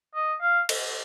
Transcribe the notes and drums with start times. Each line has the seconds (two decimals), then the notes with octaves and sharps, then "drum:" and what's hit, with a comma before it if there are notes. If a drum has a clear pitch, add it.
0.15 D#5
0.41 F5
0.69 drum: cymbal